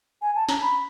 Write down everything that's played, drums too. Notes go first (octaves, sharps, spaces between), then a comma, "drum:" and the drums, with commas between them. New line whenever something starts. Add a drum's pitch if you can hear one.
G#5
A5
A#5, drum: snare
B5